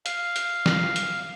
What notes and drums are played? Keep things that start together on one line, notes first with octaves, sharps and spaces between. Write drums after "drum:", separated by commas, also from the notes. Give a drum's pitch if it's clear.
F5, drum: hi-hat
drum: hi-hat
drum: snare
drum: hi-hat